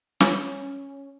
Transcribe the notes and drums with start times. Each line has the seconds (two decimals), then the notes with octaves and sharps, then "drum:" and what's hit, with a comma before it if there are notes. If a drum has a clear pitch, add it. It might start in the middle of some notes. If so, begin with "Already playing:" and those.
0.20 C#4, drum: snare